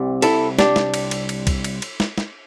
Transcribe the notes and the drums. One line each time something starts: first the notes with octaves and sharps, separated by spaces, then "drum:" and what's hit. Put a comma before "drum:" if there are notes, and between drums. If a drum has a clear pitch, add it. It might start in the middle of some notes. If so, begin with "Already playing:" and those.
Already playing: C2 C3 G3
E4 A4, drum: cymbal
D4 G4, drum: snare
drum: snare
drum: cymbal
drum: cymbal
drum: cymbal
drum: kick B1, cymbal
drum: cymbal
drum: cymbal
drum: snare
drum: snare